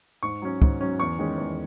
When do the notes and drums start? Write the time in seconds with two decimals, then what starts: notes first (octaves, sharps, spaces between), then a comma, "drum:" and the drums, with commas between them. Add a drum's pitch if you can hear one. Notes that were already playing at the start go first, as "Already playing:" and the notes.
0.23 G#2 C#6
0.42 F#3 C#4
0.62 G#2, drum: kick
0.81 F#3 C#4
0.99 E2 C#6
1.19 D#3 G#3 C#4
1.38 E2